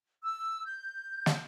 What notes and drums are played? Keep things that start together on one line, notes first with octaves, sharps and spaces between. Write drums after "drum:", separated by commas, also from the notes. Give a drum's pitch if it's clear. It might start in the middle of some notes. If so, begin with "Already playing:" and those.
E6
G6
drum: snare